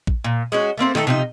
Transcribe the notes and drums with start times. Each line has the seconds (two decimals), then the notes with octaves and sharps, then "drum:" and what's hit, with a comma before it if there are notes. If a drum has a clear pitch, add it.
0.07 drum: kick A1
0.24 A#2
0.52 G#3 C#4 F#4
0.78 A3 A#3 C4 C5
0.95 D#3 A3 D#4 A4, drum: snare
1.07 C3 F3 D#4